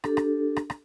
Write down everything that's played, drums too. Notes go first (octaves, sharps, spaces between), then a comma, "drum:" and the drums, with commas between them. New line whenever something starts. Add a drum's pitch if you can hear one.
D4 G4 A4, drum: rim click
drum: rim click
drum: rim click
drum: rim click